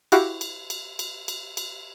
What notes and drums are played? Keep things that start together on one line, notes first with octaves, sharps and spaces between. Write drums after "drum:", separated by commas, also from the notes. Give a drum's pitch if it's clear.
E4 F#4 G4 F5, drum: cymbal
drum: cymbal
drum: cymbal
drum: cymbal
drum: cymbal
drum: cymbal